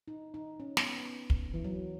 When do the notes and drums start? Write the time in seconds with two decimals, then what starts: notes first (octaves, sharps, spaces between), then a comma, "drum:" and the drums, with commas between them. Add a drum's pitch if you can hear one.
0.08 D#4
0.34 D#4
0.60 C#4
0.77 B3, drum: snare
1.30 drum: kick
1.54 E3
1.64 F#3